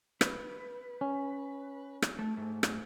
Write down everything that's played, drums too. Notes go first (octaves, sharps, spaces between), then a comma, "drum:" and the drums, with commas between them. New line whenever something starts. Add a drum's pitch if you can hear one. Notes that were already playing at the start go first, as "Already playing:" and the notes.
B4, drum: rim click
C#4
drum: rim click
A3
G#2 A3
drum: rim click